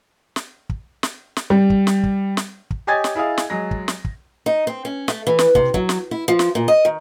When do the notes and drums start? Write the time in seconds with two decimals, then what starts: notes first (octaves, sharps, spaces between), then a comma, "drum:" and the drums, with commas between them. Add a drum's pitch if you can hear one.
0.36 drum: snare
0.69 drum: kick
1.03 drum: snare
1.37 drum: snare
1.50 G3
1.70 drum: kick
1.87 drum: snare
2.04 drum: kick
2.37 drum: snare
2.71 drum: kick
2.87 G4 C#5 D#5 G#5 G#6 A6
3.04 drum: snare
3.15 E4 G#4 D#5 F5
3.38 drum: snare
3.50 F#3 G#3 A#6
3.71 drum: kick
3.88 drum: snare
4.05 drum: kick
4.46 D#4
4.67 C4
4.85 C#4
5.08 A3, drum: snare
5.27 E3
5.39 drum: snare
5.55 C3, drum: kick
5.74 F#3, drum: kick
5.89 drum: snare
6.11 E4
6.28 F3
6.39 drum: snare
6.55 A#2
6.68 D#5
6.85 D#3